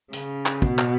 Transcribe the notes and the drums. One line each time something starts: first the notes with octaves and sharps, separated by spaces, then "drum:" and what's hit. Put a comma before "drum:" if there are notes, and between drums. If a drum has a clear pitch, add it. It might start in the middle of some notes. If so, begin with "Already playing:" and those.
C#3, drum: hi-hat
drum: clap
B2, drum: kick
drum: clap